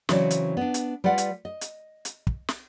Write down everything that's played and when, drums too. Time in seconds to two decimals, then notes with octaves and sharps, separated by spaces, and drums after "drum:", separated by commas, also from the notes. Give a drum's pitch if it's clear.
0.09 C#3 E3 F#3 C4 C#5 D5, drum: snare
0.31 drum: hi-hat
0.57 B3 D4
0.74 drum: hi-hat
1.04 G3 F4 B4 D5 F#5
1.18 drum: hi-hat
1.45 D#5
1.61 drum: hi-hat
2.05 drum: hi-hat
2.27 drum: kick
2.49 drum: snare